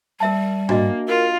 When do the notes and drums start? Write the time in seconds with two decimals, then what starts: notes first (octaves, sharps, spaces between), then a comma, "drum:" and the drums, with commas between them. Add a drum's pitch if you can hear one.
0.20 G3 A#4 E5 A5
0.69 A#3 D4 F#4 D#5, drum: tom G#2
1.08 F4 A#4